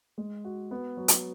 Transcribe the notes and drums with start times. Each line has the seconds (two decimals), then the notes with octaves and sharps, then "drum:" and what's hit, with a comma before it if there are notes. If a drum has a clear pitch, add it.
0.18 G#3
0.45 F#4
0.71 B3
0.97 F#3
1.08 drum: hi-hat